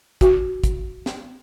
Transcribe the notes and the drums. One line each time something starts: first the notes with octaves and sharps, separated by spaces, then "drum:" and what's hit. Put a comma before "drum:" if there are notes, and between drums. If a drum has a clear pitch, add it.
F#4, drum: kick, hi-hat
drum: kick, hi-hat
drum: snare